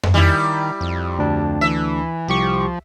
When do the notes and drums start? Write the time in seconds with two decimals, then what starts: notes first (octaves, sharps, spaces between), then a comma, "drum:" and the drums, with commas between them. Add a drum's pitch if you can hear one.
0.03 drum: tom F2
0.14 D#3 G3 E4
0.81 F2
1.18 D2 D4
1.61 E3 E5
2.28 C2 F3 G4 C#6